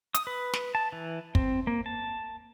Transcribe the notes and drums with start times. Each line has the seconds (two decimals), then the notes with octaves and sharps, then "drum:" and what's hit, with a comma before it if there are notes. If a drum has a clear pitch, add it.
0.15 D#6, drum: hi-hat
0.27 B4
0.53 drum: snare
0.75 A5
0.93 E3
1.35 C4, drum: kick
1.67 A#3
1.86 A5